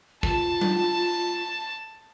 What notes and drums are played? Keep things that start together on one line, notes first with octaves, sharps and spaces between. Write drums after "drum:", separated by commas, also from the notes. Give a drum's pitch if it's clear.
F4 A5, drum: kick
drum: tom F#3